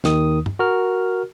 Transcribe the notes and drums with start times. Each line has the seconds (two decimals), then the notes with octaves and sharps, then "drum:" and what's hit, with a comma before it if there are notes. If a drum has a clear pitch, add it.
0.04 D#2 D#3 D#6, drum: snare
0.46 drum: tom
0.59 F#4 A#4 F6